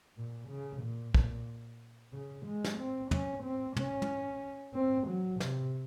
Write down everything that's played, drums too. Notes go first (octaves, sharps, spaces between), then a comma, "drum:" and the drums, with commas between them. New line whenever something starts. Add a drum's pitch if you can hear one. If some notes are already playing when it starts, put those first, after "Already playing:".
A#2
C#3
A#2
A#2, drum: kick
C#3
G#3
drum: snare
C4
C#4, drum: tom
C4
C#4, drum: tom
drum: tom
C4
F#3
C3, drum: snare